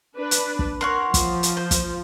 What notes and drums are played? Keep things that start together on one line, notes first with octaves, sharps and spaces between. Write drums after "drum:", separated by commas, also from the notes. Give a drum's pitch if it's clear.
D4 B4
drum: hi-hat
drum: kick
A#4 C#5 F#5 C6
F3, drum: kick, hi-hat
drum: hi-hat
C5
drum: kick, hi-hat